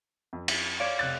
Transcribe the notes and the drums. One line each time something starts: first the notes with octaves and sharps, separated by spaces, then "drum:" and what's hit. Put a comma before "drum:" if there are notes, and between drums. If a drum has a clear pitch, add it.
F2
E5, drum: cymbal
C#5 D5 F5
F1 F#6 A6